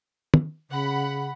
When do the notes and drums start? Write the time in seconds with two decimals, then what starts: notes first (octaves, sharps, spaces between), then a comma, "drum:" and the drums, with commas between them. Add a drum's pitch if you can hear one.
0.34 drum: tom
0.70 C#3 F#5 B5